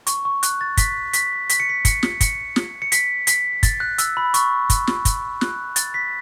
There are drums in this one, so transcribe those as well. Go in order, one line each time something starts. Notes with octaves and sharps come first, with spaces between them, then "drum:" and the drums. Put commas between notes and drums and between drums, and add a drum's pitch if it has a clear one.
C#6, drum: hi-hat
C#6
F#6, drum: hi-hat
A6
B6, drum: kick, hi-hat
B6, drum: hi-hat
B6, drum: hi-hat
C#7
B6
C#7, drum: kick, hi-hat
drum: snare
C#7, drum: kick, hi-hat
drum: snare
C#7
B6, drum: hi-hat
B6, drum: hi-hat
A6, drum: kick, hi-hat
F#6
E6, drum: hi-hat
B5
C#6, drum: hi-hat
drum: kick, hi-hat
drum: snare
drum: kick, hi-hat
F#6, drum: snare
A6, drum: hi-hat
B6